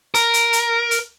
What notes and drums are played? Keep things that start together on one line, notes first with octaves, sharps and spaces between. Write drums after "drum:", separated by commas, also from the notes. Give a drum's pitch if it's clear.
A#4, drum: hi-hat
drum: hi-hat
drum: hi-hat
drum: hi-hat